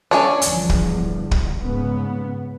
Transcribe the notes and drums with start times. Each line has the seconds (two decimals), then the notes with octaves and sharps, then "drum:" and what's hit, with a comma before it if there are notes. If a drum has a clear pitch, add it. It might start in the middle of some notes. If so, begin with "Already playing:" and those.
0.11 D4 C#5 G#5, drum: snare C#4
0.42 G1 E2 F3, drum: hi-hat
0.69 drum: kick
1.31 drum: kick
1.61 G#2 C#3 B3